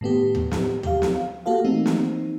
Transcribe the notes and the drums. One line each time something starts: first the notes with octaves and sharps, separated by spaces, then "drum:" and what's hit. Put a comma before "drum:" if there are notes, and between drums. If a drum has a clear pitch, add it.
A2 D#3 B3 G4
drum: tom D#2
drum: snare
G4 F5, drum: tom D#2
drum: snare
A#3 F#4 G4 A4 F5
E3 A3 A#3 C4 D#4
drum: snare